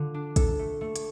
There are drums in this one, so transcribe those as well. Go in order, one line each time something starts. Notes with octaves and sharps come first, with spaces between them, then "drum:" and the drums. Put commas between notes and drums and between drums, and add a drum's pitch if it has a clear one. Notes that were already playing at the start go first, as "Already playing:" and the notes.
Already playing: D3 F4
D4
A4, drum: kick, hi-hat
A3
A3
drum: hi-hat